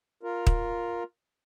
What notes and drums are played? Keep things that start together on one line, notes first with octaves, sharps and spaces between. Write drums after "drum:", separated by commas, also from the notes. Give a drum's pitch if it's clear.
F4 A#4
drum: kick